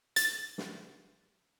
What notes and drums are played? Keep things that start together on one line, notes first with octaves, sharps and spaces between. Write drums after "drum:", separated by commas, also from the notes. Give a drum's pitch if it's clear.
A6, drum: hi-hat
drum: snare